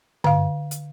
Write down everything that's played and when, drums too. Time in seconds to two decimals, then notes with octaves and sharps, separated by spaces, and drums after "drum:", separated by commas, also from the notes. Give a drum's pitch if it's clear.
0.24 D3 F5, drum: tom G2
0.71 drum: hi-hat